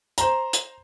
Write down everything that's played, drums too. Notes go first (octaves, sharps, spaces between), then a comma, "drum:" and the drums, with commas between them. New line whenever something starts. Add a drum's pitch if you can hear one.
C5 A#5, drum: hi-hat
drum: hi-hat